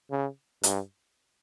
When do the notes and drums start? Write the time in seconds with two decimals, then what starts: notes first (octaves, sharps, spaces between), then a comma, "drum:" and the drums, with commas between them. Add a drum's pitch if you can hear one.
0.11 C#3
0.63 G2, drum: hi-hat